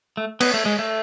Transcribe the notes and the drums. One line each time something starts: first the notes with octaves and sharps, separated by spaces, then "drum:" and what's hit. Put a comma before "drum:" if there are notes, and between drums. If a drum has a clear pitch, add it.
A3
B3, drum: cymbal
A3
G#3
A3